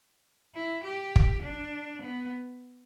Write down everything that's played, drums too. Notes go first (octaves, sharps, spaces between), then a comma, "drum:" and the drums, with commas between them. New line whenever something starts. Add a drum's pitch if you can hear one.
E4
G4
drum: kick
D4
B3